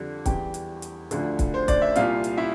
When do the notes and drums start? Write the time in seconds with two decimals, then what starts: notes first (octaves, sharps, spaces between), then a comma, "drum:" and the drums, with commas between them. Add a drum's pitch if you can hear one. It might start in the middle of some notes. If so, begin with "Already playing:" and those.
Already playing: F2 D3 G3
0.26 E2 E3 G3 G4 G5, drum: kick, hi-hat
0.54 drum: hi-hat
0.82 drum: hi-hat
1.11 D2 D3 F3, drum: hi-hat
1.39 drum: kick, hi-hat
1.54 C5
1.68 D5, drum: kick, hi-hat
1.82 E5
1.96 C2 A#2 G3 F4 F5, drum: hi-hat
2.24 drum: hi-hat
2.37 E4 E5